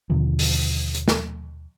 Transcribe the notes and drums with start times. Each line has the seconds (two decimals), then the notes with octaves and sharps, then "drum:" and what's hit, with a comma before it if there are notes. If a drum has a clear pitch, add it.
0.10 D#2 B2 D3 F3
0.39 drum: open hi-hat
0.95 drum: hi-hat
1.08 drum: snare